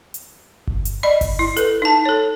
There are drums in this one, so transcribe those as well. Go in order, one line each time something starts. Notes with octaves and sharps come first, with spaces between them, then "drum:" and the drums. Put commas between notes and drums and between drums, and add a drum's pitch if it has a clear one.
drum: hi-hat
drum: kick G1
drum: hi-hat
D5 D#5 B5
drum: kick G1, open hi-hat
E4
A4 B4, drum: hi-hat
D#4 A5
A4 C#5